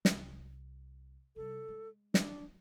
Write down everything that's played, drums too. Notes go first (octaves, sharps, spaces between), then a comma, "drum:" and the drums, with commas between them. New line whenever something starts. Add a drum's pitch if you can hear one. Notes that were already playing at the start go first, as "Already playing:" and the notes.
C2, drum: snare
C3 G3 A4
G#3
D4, drum: snare